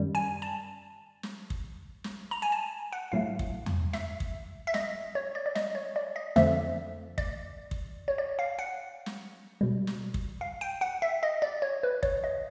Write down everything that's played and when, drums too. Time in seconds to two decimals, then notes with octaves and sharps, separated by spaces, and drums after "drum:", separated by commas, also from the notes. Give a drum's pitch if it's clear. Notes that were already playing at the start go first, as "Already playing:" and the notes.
Already playing: F#2 D#3 G3
0.15 G#5
0.42 A5
1.23 drum: snare
1.50 drum: kick
2.04 drum: snare
2.31 A#5
2.42 G#5
2.52 A5
2.93 F#5
3.12 A2 F#3 A3 F5
3.39 drum: kick
3.66 drum: tom E2
3.93 E5, drum: snare
4.20 drum: kick
4.67 E5
4.74 D#5, drum: snare
5.15 C#5
5.35 D5
5.46 D5
5.55 D#5, drum: snare
5.75 C#5
5.96 D5
6.16 D#5
6.36 F2 D3 F3 A3 E5, drum: snare
7.18 D5, drum: kick
7.71 drum: kick
8.08 C#5
8.18 D5
8.39 F5
8.59 F#5
9.06 drum: snare
9.61 B2 G3
9.87 drum: snare
10.14 drum: kick
10.41 F5
10.61 G5
10.81 F#5
11.02 E5
11.23 D#5
11.42 D5
11.62 C#5
11.83 B4
12.03 C#5, drum: kick
12.24 D#5